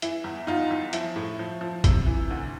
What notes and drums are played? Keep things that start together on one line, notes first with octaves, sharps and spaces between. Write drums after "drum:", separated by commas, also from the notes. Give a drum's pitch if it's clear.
E3 E4, drum: hi-hat
E2
E2 D#4 F4
E2
F3 E4, drum: hi-hat
A2
F3
F3
C3, drum: kick A1, hi-hat
E3
D2